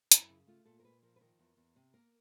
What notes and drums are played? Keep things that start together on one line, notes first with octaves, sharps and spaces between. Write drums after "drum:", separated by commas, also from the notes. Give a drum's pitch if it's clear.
F#2 E4, drum: hi-hat
C#3
A3 F4
A#2 A4
A#4
A#2 B4
F3 A#4
B4
D#3 A#4
E2
E2
C3
A#3 A#4